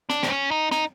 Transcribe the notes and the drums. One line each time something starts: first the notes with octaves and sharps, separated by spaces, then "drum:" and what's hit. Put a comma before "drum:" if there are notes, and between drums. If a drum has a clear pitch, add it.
D4, drum: snare
C4, drum: snare
C#4
D#4
D#4, drum: snare